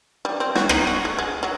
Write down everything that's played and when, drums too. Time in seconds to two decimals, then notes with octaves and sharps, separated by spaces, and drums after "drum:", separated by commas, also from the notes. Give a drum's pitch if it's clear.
0.25 G3
0.40 C4
0.55 F#4, drum: snare
0.69 D#4, drum: rim click
0.87 F#4
1.05 A3
1.19 G#3
1.43 F#3